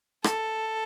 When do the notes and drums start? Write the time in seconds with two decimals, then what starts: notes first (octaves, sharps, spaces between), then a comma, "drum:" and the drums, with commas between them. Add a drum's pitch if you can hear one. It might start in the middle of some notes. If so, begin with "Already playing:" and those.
0.24 A4, drum: rim click